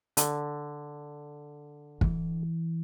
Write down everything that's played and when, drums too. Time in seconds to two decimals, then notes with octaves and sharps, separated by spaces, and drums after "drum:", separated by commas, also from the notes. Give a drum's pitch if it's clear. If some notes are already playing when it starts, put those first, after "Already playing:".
0.17 D3, drum: hi-hat
2.01 E3, drum: kick